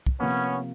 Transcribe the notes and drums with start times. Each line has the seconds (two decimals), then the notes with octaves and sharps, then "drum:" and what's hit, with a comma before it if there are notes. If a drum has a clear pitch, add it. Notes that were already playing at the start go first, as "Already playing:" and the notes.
0.07 drum: kick
0.20 C3 F3 A#3 B3 C#4